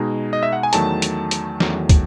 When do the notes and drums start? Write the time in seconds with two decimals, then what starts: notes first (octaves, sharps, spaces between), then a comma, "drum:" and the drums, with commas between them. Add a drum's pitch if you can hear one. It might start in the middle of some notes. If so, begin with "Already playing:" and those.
Already playing: B2 G#3 D#4
0.33 D#5
0.43 E5
0.53 F#5
0.63 G#5
0.73 E2 D#3 F#3 A3 A5, drum: hi-hat
1.02 drum: hi-hat
1.31 drum: hi-hat
1.60 E2 D#3 F#3 A3, drum: snare
1.89 drum: kick, hi-hat